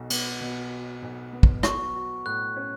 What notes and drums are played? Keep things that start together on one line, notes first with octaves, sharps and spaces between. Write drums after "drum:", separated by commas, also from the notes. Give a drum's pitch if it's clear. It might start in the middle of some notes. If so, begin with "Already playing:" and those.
Already playing: B1 B2 F#4
B3, drum: cymbal
B2
F#4
B1
B3
drum: kick
F#3 C#6, drum: rim click
F#4
A2 F#6
C#4